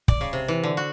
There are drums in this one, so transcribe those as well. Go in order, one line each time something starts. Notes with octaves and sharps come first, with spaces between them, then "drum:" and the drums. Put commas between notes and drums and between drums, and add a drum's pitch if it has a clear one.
D5, drum: kick
C#3
C3
E3
D3
F#4